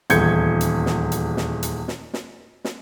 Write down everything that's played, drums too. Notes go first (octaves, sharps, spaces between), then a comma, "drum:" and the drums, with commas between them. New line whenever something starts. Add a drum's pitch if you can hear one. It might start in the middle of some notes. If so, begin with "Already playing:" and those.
D#1 E2 G6 G#6 C#7, drum: hi-hat
drum: hi-hat
drum: snare
drum: hi-hat
drum: snare
drum: hi-hat
drum: snare
drum: snare
drum: snare